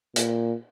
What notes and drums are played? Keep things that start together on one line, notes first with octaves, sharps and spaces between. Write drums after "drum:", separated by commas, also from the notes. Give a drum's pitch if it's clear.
A#2, drum: hi-hat